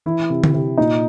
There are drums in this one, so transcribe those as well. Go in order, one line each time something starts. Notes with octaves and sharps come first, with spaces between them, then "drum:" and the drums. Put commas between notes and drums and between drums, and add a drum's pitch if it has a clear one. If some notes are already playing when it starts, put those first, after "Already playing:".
E3 E4
C3
drum: tom D3
C3
A#2 D#4